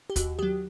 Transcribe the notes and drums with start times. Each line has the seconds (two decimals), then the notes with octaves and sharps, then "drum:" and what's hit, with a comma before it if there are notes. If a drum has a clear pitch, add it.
0.10 G4
0.16 D#2 F#4, drum: kick, hi-hat
0.39 D#3 F#3 G4